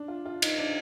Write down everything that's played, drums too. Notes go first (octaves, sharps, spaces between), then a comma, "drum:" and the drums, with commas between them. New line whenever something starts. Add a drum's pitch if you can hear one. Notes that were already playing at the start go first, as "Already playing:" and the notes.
Already playing: D4
F4
F4
D#4, drum: cymbal
D4